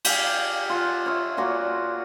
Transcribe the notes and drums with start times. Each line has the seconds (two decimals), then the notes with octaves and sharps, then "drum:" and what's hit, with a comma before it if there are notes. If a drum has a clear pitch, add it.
0.05 G4 F5 G#5, drum: cymbal
0.70 F4 F#5
1.06 C#5 E5
1.37 A#2 F4 F#4 D6